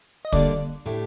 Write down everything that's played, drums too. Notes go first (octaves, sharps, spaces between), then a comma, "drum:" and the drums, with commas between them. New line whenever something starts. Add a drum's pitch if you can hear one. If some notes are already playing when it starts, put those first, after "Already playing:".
D#5
D3 G3 A#3 D4 G4 D5, drum: kick
A2 A3 D4 G4